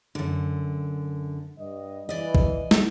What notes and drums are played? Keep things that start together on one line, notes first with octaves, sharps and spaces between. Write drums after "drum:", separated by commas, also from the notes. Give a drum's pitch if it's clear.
F#2 D3
G2 D#5
E3 D5 D#5
drum: kick
drum: snare